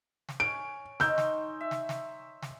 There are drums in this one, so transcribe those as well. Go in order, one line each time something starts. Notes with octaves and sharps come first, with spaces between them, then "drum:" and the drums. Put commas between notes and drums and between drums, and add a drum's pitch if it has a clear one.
drum: snare
C#5 G#5 D7
D#4 C6 C#6 E6 G6, drum: snare
drum: snare
E5
drum: snare
drum: snare
drum: snare